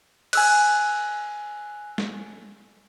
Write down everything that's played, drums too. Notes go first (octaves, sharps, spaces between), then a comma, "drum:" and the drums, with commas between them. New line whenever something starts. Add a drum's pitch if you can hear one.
G#5 E6 F#6, drum: cymbal
drum: snare